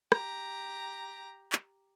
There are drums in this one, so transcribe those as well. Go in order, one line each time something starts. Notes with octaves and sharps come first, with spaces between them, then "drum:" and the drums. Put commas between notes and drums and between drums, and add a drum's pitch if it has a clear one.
G4 A#5, drum: rim click
drum: clap